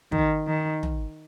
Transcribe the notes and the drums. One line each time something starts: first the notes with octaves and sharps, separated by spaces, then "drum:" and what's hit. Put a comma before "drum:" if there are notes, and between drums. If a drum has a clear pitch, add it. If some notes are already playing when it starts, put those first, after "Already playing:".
D#3, drum: kick
D#3
drum: tom